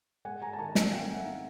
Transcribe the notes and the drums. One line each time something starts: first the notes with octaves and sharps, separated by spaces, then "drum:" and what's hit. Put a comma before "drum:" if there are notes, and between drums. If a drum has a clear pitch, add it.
G#3 F#5 G#5
G#5 A#5
A5
D#3 G#5 A#5
G#5 A#5, drum: snare
C4 F5 G5
E5 F#5
D#4